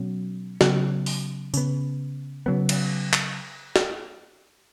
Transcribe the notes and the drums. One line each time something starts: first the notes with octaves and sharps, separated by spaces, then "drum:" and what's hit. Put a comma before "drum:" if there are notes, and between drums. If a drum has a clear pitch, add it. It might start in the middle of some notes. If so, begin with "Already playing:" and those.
Already playing: B2 F#3 C#4
C#3 F#3 B3, drum: snare
drum: open hi-hat
C#3 B3, drum: tambourine
C#3 F#3 B3
drum: cymbal
drum: clap
drum: snare